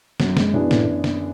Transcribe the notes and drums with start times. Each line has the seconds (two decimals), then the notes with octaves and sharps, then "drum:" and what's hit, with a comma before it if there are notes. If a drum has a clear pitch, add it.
0.20 F#2 F#3, drum: snare
0.37 G#3, drum: snare
0.54 B2 E3 B3 D4 G#4
0.71 A2, drum: snare
1.04 drum: snare